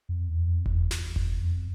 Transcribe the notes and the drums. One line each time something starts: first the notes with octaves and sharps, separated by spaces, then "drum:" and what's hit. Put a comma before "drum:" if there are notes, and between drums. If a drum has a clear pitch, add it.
F2
E2
F2
E2, drum: kick F1
drum: snare
drum: kick F1
F2